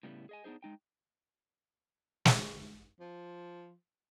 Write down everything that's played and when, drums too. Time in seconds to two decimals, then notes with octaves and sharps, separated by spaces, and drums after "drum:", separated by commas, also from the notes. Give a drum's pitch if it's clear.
0.03 A2 C#3 G3 B3 E4
0.29 G#4 D#5 G#5
0.44 B3 D4 D#4 G#4 C5
0.63 G#3 D#4 G5
2.25 drum: snare
3.00 F3